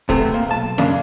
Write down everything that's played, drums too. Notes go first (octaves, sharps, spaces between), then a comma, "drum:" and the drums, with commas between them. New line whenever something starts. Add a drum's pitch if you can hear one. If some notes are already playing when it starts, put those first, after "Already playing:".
C3 E3 A3 B3 C4, drum: kick
A#3
B1 A5
F#2 C#3 A#3 D4, drum: snare